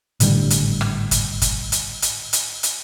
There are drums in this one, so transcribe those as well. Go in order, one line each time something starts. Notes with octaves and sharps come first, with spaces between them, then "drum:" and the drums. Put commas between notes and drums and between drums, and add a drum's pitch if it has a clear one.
G#1 A2 D3 G3, drum: hi-hat
drum: hi-hat
drum: rim click
drum: kick, hi-hat
drum: kick, hi-hat
drum: hi-hat
drum: hi-hat
drum: hi-hat
drum: hi-hat